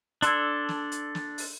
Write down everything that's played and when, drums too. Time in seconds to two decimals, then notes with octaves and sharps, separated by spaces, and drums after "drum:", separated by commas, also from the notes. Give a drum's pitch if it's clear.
0.22 D4 A4 C6 E6 G#6, drum: hi-hat
0.69 drum: snare
0.92 drum: hi-hat
1.15 drum: snare
1.38 drum: open hi-hat